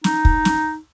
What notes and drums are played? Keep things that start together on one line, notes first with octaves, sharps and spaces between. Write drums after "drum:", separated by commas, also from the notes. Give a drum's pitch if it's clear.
D#4, drum: snare
drum: kick
drum: snare